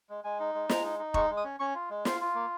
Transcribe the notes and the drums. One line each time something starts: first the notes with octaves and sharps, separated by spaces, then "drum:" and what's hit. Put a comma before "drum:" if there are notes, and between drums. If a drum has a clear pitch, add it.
G#3
G#3 G#5
D#4
G#3
G#3 A#5, drum: snare
D#4
D#4
G#3 C#6, drum: kick E1
G#3
D#6
C#4
C#4 C#6
F4
G#3
F4 F5, drum: snare
F4
A#3